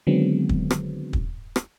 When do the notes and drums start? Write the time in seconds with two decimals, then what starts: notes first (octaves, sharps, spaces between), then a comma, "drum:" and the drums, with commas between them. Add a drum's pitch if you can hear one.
0.07 D3 D#3 F#3 G#3 B3 C4
0.49 drum: kick
0.71 drum: rim click
1.13 drum: kick
1.56 drum: rim click